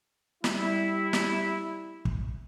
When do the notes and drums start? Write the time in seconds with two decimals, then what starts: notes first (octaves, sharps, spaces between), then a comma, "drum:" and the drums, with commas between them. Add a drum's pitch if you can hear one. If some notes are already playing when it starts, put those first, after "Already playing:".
0.44 G3 E4, drum: snare
1.13 drum: snare
2.05 drum: kick